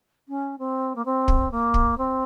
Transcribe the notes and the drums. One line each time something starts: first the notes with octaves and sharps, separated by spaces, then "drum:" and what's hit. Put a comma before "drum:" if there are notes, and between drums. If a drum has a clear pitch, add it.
C#4
C4
A#3
C4
drum: kick
A#3
drum: kick
C4